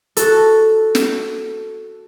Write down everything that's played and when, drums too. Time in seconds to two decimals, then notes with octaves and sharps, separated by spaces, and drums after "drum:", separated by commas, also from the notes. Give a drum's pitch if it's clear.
0.17 F#4 A4, drum: hi-hat
0.95 drum: snare